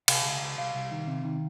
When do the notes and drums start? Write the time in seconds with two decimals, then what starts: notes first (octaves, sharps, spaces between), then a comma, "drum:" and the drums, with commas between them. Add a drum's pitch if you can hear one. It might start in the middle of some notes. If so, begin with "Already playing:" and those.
0.08 C3 F5, drum: cymbal
0.25 C#2
0.41 C#2
0.58 C2 F5
0.75 C2
0.91 D#3
1.07 C3
1.25 D#3